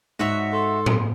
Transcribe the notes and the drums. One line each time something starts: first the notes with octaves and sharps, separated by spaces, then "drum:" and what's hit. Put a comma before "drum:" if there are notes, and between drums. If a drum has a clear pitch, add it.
G#2 F#4 C#5 E5
A4 C6
drum: tom A2